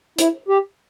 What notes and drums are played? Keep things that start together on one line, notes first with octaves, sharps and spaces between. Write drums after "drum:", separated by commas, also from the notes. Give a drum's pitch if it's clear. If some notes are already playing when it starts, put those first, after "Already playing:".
E4, drum: hi-hat
G4